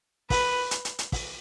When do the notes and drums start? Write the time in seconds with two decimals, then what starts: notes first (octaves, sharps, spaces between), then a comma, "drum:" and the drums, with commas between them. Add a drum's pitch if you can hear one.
0.30 B4, drum: kick, open hi-hat
0.71 drum: hi-hat
0.85 drum: hi-hat
0.99 drum: hi-hat
1.12 drum: kick, open hi-hat